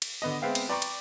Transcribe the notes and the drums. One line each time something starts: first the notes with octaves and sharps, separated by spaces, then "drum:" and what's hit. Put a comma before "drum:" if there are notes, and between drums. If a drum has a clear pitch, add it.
drum: cymbal
D3 B3 D#5
G#3 B3 C4 E5 F5 G5
drum: cymbal
B4 D5 G5 A#5 C6 C#6
drum: cymbal